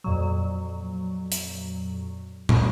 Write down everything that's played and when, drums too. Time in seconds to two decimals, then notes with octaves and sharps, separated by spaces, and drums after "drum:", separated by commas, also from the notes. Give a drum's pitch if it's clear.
0.04 F2 A#2 F#3
1.32 drum: hi-hat
2.49 drum: tom